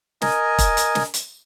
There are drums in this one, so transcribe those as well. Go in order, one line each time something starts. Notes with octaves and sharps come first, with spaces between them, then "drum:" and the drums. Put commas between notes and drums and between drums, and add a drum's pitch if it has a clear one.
A#4 D#5 G#5, drum: snare
drum: kick E1, hi-hat
drum: hi-hat
drum: snare
drum: hi-hat